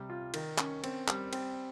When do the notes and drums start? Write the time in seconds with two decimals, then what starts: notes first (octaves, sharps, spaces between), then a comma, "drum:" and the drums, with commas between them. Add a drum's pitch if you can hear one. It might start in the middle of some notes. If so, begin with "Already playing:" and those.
Already playing: C3 G3
0.10 F4
0.34 D#3, drum: cymbal
0.58 C#4, drum: clap
0.84 C4, drum: cymbal
1.08 G3, drum: clap
1.33 C4, drum: cymbal